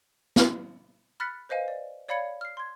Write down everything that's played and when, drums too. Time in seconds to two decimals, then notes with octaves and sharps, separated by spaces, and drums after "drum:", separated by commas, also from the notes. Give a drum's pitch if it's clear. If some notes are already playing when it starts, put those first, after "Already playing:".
0.36 drum: snare
1.20 B5 F6 F#6 A6 B6 C#7
1.49 B4 C5 D#5 F5 G#5
1.68 D5
2.08 C#5 D5 F5 B5 G#6 C#7
2.41 F6 C7
2.57 C6 G#6